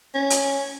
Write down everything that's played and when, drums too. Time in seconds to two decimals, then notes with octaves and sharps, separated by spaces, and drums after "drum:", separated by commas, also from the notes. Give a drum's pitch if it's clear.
0.15 C#4
0.30 drum: hi-hat